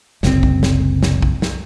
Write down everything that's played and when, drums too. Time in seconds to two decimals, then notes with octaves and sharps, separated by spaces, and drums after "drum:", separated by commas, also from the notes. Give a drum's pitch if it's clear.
0.23 F#1 C2 A#2 C4, drum: snare
0.43 drum: kick
0.63 drum: snare
1.03 drum: snare
1.22 drum: kick
1.42 drum: snare